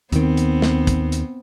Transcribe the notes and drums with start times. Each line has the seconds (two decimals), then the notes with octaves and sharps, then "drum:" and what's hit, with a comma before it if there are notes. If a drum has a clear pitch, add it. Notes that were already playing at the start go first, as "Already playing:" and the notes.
0.12 D#2 D#3 B3 C4, drum: hi-hat
0.37 drum: hi-hat
0.62 drum: snare
0.87 drum: kick, hi-hat
1.12 drum: hi-hat